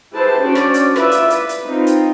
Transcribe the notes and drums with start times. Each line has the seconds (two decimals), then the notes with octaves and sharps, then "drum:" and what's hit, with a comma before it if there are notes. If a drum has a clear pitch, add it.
0.12 E4 G4 G#4 B4 C5 A5
0.41 C#4 D4 F#4 C5 D5
0.55 drum: rim click
0.74 drum: hi-hat
0.96 E4 F4 B4 D5 E5, drum: rim click
1.12 drum: hi-hat
1.30 B4, drum: hi-hat
1.49 drum: hi-hat
1.65 C4 D#4 F4
1.87 drum: hi-hat